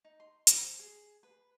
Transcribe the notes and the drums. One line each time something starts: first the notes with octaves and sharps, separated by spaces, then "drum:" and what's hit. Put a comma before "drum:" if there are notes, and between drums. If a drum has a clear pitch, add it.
D#4
C6
C5, drum: hi-hat
G#4
B4